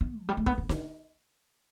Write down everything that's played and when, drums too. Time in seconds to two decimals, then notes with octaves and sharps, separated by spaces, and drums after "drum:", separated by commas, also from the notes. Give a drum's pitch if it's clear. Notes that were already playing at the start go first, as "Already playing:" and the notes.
0.01 B3
0.19 F3
0.29 G3
0.37 A3
0.46 B3, drum: kick
0.58 B3
0.69 D3, drum: snare D#4